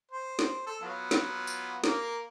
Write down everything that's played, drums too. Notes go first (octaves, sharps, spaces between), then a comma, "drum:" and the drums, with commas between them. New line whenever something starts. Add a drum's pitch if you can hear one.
C5
drum: snare
A4
F#3 B3 F4
drum: snare
drum: tambourine
A#3 A#4, drum: snare